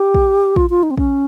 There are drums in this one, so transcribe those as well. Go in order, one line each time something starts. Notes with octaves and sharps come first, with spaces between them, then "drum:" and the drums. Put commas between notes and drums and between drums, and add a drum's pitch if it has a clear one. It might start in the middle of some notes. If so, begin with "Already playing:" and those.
Already playing: G4
drum: kick
F4, drum: kick
F4
D#4
C4
C#4, drum: kick